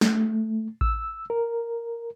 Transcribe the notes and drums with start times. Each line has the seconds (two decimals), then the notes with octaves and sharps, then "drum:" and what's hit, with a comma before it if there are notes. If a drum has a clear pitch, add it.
0.01 A3, drum: snare
0.81 E6, drum: kick A1
1.30 A#4